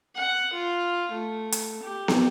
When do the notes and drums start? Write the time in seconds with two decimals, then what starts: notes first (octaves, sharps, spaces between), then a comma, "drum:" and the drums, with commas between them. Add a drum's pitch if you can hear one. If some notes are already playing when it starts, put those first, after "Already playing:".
0.16 F#5
0.53 F4
1.12 A3
1.52 drum: hi-hat
1.83 G4
2.08 drum: snare